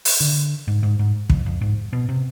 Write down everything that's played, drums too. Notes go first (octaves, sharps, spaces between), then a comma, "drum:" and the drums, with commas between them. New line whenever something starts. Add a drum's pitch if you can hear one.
drum: open hi-hat
D3
G#2
G#2
G#2
F2, drum: kick
F2
G#2
B2
C3